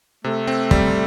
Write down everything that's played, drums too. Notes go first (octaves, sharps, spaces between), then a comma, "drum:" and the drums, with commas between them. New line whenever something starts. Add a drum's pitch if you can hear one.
C3 A3
C4
G3, drum: kick